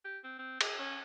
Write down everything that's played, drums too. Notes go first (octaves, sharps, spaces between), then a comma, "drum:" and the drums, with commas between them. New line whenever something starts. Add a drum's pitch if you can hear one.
G4
C4
C4
G#4, drum: cymbal
C#4